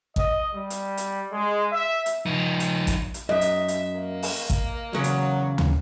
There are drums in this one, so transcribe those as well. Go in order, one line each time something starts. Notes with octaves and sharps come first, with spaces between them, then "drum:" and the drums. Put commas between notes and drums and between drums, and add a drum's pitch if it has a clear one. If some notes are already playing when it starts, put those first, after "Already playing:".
D#5, drum: kick A1
G3
drum: hi-hat
drum: hi-hat
G#3
E5
drum: hi-hat
F3 D#4
drum: hi-hat
drum: kick A1, hi-hat
drum: hi-hat
F#2 D#5 E5
drum: hi-hat
drum: hi-hat
A#3
drum: open hi-hat
drum: kick A1, hi-hat
E2 C#3 F#3
drum: hi-hat
drum: tom D2